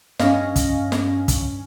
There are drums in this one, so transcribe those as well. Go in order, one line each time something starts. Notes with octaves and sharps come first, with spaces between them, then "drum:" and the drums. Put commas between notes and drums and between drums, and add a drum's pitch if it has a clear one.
G2 C#4 D#5 F5 A#6, drum: snare
drum: kick, hi-hat
drum: snare
drum: kick, hi-hat